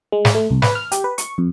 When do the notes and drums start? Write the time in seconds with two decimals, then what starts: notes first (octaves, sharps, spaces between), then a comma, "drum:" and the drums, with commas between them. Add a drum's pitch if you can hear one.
0.12 G#3
0.25 drum: snare
0.35 A3
0.50 C2
0.62 B4, drum: snare
0.75 F6
0.92 G4, drum: hi-hat
1.04 B4
1.18 C#6, drum: hi-hat
1.38 F2